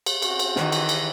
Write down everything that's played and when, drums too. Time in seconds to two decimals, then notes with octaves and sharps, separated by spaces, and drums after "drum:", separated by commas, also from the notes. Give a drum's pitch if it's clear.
0.06 drum: cymbal
0.22 C4 C#4 F#4, drum: cymbal
0.39 drum: cymbal
0.56 D#3 E3, drum: snare
0.72 drum: cymbal
0.89 drum: cymbal